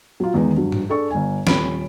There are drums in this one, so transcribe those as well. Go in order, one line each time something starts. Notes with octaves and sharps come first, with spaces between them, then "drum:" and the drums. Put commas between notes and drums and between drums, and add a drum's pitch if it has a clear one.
F#3 F4
E2 D#3 G#3 B3 D#4
G2 F#3
drum: tom G#2
D4 G#4 A4 D5 C#6
G1 G#5
D#1 C#4 B5 D7, drum: snare